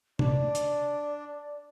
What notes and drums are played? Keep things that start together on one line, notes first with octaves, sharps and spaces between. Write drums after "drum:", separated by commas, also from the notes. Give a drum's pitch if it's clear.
D4 D5, drum: tom
drum: hi-hat